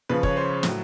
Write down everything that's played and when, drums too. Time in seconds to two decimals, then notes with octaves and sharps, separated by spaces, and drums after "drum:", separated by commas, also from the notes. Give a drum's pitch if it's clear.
0.09 C#3 F3 B4
0.23 C#5, drum: kick
0.37 C5
0.63 A2 F#3, drum: snare